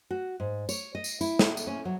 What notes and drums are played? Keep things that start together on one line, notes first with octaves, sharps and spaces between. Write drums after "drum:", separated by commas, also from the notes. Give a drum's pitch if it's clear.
F#4
G#2
C#5, drum: tambourine
D#5
drum: tambourine
E4, drum: tambourine
drum: snare
drum: tambourine
C#4
F#3